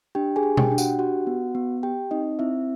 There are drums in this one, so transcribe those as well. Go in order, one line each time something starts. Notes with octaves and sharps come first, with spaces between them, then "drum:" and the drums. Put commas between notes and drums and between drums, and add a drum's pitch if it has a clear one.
D4 G4 G5
G#4 G#5
G4
G4 G5, drum: tom B2
D4
F#4 F#5, drum: tambourine
F#4 G4 F#5
B3
B3
G4 G5
C4 D#4 D#5
C4 E4 E5